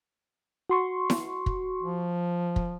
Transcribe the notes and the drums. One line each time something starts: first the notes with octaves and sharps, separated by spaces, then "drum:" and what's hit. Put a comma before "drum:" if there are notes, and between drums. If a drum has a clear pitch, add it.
F#4 C6 C#6
drum: snare E4
drum: kick
F3
drum: kick